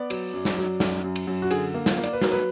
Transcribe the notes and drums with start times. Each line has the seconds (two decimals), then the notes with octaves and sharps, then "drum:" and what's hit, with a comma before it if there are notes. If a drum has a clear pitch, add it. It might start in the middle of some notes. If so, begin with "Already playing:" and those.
Already playing: B3 D5
0.10 F#3, drum: cymbal
0.34 F#2
0.45 drum: snare
0.57 F#3
0.80 F#2, drum: snare
1.04 F#2
1.16 drum: cymbal
1.27 F#2
1.42 F#4
1.51 D3 G#4, drum: cymbal
1.74 A#3
1.86 F4, drum: snare
1.98 A#3
2.03 D5, drum: cymbal
2.13 B4
2.21 F#3 A#4, drum: snare
2.32 B4